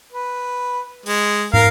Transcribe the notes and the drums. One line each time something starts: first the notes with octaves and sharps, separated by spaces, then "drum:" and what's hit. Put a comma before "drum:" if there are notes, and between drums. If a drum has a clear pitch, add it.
B4
G#3, drum: open hi-hat
A#4 F5, drum: tom